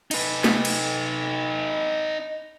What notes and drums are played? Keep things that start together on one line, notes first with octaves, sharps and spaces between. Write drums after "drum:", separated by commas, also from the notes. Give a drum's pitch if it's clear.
D#4 B4, drum: cymbal
drum: snare
drum: cymbal